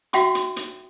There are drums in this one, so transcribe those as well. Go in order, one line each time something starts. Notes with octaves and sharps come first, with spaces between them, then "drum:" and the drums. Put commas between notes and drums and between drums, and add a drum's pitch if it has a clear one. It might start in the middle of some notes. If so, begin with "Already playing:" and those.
F#4 E5 G5 C6 C#6, drum: hi-hat
drum: hi-hat
drum: hi-hat